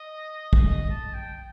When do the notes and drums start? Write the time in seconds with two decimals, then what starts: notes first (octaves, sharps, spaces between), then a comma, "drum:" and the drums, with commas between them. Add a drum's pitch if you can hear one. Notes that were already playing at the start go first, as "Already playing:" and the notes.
Already playing: D#5
0.53 drum: kick
0.65 D#5
0.90 A5
1.14 G5